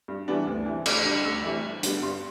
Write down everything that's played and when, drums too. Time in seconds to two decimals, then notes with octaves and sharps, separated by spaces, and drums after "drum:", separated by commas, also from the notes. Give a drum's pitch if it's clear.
0.08 G2
0.28 E3 G3 B3 D4
0.47 D2
0.66 C3 E3
0.86 D2, drum: cymbal
1.05 D3 G3 D4
1.25 D2 E6
1.44 C3 E3 A3
1.63 G2
1.83 D3 G3 B3, drum: hi-hat
2.02 G2 C6